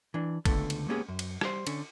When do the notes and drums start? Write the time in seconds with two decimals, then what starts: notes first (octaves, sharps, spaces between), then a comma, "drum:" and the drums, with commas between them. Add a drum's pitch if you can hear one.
0.14 E3 D4
0.45 C#2 D3 A3 B3 A4, drum: kick, cymbal
0.70 drum: cymbal
0.88 G#3 A#3 B3 C#4 G4 G#4
1.09 F#2
1.19 drum: cymbal
1.41 G3 C5, drum: rim click
1.67 D3 C#4, drum: cymbal